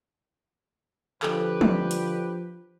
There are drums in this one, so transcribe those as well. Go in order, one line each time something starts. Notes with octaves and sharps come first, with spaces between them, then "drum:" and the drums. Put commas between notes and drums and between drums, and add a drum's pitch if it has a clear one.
D3 F3 G4 A4 B4, drum: clap
drum: tom
drum: hi-hat